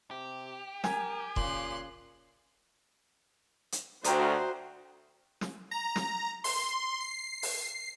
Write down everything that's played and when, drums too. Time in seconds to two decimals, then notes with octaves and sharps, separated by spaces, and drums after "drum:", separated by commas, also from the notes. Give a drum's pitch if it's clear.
0.11 C3 G4
0.84 A#4 G#5, drum: snare
1.36 A#2 C#3 C6 F#6, drum: kick E1
3.72 drum: hi-hat
4.04 D2 F#4 C5 G5 A#5 D#6, drum: hi-hat
5.41 drum: snare
5.71 A#5
5.96 drum: snare
6.44 C6, drum: open hi-hat
7.01 C7
7.43 drum: open hi-hat